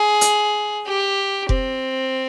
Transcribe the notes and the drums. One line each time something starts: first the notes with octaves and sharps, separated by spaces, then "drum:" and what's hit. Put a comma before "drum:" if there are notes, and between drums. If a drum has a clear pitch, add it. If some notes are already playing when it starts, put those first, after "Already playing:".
Already playing: G#4
drum: hi-hat
G4
C4, drum: kick F1